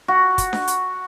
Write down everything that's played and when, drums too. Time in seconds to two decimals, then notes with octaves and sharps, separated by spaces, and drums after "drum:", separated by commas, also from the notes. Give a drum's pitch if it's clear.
0.08 F#4
0.38 drum: kick, hi-hat
0.53 drum: snare D4
0.68 drum: hi-hat